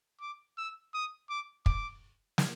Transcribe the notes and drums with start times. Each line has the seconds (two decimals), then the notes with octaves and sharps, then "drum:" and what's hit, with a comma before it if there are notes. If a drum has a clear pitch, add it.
0.21 D6
0.58 E6
0.94 D#6
1.29 D6
1.66 D6, drum: kick
2.38 drum: snare